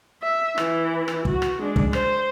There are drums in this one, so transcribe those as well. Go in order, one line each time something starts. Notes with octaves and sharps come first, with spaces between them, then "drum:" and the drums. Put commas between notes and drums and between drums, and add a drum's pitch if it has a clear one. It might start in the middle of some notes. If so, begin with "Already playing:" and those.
E5
E3 E4, drum: rim click
drum: rim click
F#4, drum: kick
drum: rim click
G#3 D4
drum: kick
C5, drum: rim click